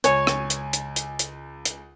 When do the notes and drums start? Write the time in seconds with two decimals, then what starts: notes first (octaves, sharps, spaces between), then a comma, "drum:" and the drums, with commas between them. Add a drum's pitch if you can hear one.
0.04 C#2 C#5 G#5, drum: hi-hat
0.27 drum: rim click
0.50 drum: hi-hat
0.73 drum: hi-hat
0.96 drum: hi-hat
1.19 drum: hi-hat
1.65 drum: hi-hat